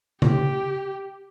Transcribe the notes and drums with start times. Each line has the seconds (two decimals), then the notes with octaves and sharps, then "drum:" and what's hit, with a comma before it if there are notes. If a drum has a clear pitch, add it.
0.22 G4, drum: tom C#3